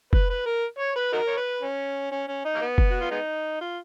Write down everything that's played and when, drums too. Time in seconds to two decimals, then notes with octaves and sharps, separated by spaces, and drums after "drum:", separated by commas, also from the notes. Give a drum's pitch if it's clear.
0.13 B4, drum: kick
0.30 B4
0.46 A#4
0.78 C#5
0.95 B4
1.13 D#4 F#4 A#4
1.27 C#5
1.37 B4
1.62 C#4
2.11 C#4
2.28 C#4
2.45 D#4
2.55 A#3
2.61 B3
2.78 drum: kick
2.91 F#4
3.01 F4
3.11 G#3 B3 D#4
3.61 F4